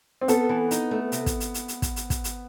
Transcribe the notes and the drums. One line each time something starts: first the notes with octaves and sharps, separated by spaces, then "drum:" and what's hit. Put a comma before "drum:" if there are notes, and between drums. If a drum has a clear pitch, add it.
C4
B3 A4, drum: hi-hat
E3
D#4, drum: hi-hat
A3
C3, drum: hi-hat
drum: kick, hi-hat
drum: hi-hat
drum: hi-hat
drum: hi-hat
drum: kick, hi-hat
drum: hi-hat
drum: kick, hi-hat
drum: hi-hat